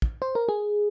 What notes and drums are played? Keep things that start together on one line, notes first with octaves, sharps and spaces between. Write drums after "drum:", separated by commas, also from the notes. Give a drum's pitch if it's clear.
drum: kick
C5
A#4
G#4